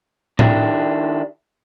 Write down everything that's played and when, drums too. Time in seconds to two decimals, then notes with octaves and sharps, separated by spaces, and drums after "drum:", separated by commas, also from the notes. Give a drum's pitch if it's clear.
0.39 D#3 D4 E4 G4, drum: tom A2